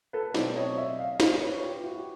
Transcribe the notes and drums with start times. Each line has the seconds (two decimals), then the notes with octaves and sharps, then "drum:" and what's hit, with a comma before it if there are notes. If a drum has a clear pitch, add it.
0.13 A4 B4
0.34 B2 F#3 A3 C4 C5 D5, drum: snare
0.56 C#5 D#5
0.77 D5 E5
0.99 D#5 F5
1.20 C5 D5, drum: snare
1.41 B4 C#5
1.62 F4 G4
1.84 E4 F#4
1.96 G4